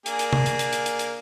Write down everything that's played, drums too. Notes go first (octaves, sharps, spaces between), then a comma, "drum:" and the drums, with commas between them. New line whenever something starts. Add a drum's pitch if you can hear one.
A#3 D4 G#4, drum: hi-hat
drum: hi-hat
drum: tom
drum: hi-hat
drum: hi-hat
drum: hi-hat
drum: hi-hat
drum: hi-hat